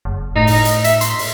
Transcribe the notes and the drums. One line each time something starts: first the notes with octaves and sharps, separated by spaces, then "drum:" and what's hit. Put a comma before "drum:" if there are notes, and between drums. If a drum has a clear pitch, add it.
F#1
A2 D#4
drum: open hi-hat
drum: hi-hat
E5, drum: hi-hat
C6, drum: hi-hat
drum: open hi-hat